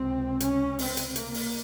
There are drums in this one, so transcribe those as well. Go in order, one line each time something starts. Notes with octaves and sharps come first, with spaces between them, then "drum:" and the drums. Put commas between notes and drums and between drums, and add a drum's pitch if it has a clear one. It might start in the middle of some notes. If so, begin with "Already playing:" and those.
Already playing: C#2 C3 C4
C#4, drum: hi-hat
C4, drum: open hi-hat
drum: hi-hat
A#3, drum: hi-hat
drum: open hi-hat